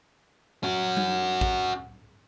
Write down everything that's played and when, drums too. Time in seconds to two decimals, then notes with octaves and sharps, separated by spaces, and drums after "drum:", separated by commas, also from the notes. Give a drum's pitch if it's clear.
0.63 C#4 F#4, drum: tom A#2
0.97 drum: tom F#3
1.41 drum: kick